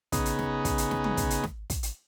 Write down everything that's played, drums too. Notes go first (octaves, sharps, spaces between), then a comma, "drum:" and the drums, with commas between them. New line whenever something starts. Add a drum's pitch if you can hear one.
C#3 B3 D#4 G#4, drum: kick, hi-hat
drum: hi-hat
drum: snare
drum: kick, hi-hat
drum: hi-hat
drum: snare
drum: tom
drum: kick, hi-hat
drum: hi-hat
drum: snare
drum: kick, hi-hat
drum: hi-hat